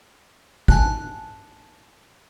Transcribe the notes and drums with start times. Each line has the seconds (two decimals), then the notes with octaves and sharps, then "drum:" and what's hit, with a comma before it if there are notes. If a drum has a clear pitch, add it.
0.68 G#5 A5 F#6, drum: kick